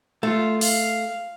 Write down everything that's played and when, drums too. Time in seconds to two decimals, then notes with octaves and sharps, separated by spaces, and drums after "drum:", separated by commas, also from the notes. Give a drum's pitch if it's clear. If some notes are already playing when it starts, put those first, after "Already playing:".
0.23 A3 F4
0.61 F5, drum: open hi-hat